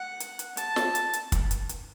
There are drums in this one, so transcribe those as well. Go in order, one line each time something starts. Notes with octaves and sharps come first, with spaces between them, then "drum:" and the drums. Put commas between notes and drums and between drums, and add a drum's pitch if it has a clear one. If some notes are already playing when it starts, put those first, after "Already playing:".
Already playing: F#5
drum: hi-hat
drum: hi-hat
A5, drum: hi-hat
drum: snare
drum: hi-hat
drum: hi-hat
drum: kick, hi-hat
drum: hi-hat
drum: hi-hat